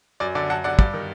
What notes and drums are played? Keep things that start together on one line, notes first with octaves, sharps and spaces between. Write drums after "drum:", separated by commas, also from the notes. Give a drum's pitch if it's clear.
F#2 D5
D3 D5
F#2 F#5 A5
D3 D5 F#5
G2 D5, drum: kick
D#3